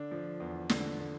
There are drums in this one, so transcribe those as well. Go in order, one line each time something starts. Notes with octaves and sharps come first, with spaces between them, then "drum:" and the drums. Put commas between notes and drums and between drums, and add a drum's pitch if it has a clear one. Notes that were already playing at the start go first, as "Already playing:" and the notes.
Already playing: D3 D4
F3
E2
D3, drum: snare
D3